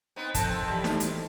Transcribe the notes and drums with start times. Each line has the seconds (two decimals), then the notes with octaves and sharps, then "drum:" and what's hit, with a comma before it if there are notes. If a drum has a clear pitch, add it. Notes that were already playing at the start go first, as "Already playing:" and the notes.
0.16 B3 C4 D#4
0.34 D#3 F3 C4 A4 A5, drum: kick, hi-hat
0.68 E3 G3 E4 G4 A5
0.84 drum: snare D#4
1.00 drum: hi-hat